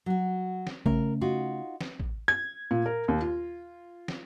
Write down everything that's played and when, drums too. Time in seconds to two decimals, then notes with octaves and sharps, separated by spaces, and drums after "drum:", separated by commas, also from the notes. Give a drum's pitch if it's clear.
0.06 F#3 F#4
0.67 drum: snare
0.86 C#3 A3 C#4 A#4, drum: kick
1.21 D#4 F4 F#4
1.81 drum: snare
2.00 drum: kick
2.28 G#6
2.71 A#2
2.86 A#4
3.08 D#2
3.21 F4
4.08 drum: snare